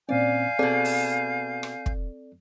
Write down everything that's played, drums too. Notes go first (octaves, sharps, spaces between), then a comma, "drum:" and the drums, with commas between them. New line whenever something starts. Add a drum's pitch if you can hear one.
A#2 C4 C#4 D5 F5 G#5 G6
B2 C4 G#4 A4 D5
drum: open hi-hat
drum: rim click
drum: kick